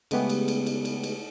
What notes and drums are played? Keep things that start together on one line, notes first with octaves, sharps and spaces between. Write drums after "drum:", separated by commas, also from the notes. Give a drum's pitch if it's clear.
C#3 G#3 A3 B3 G4 G#4, drum: cymbal
drum: cymbal
drum: cymbal
drum: cymbal
drum: cymbal
drum: cymbal